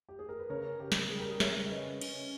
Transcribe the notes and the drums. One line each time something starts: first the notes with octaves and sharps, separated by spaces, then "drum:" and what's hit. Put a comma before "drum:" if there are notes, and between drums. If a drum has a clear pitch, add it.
G4
G#4
A#4
B4
C#3 A#4 C#5
C#3 G4 A#4
drum: snare
G3 G#4
A#4
G#4
C#3 C#5 E5, drum: snare
E5
C#4 B4 D#5
C#4, drum: cymbal